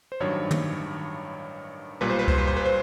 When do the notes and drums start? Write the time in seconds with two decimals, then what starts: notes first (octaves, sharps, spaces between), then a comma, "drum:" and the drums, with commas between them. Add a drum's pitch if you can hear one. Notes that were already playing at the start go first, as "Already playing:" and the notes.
0.12 C5
0.20 A1 G2 D#3 F#3 C#5
0.51 drum: tom
2.01 B1 A#2 G3 B4
2.10 C5
2.19 B4
2.28 C5, drum: kick C#2
2.38 B4
2.47 C5
2.57 B4
2.65 C5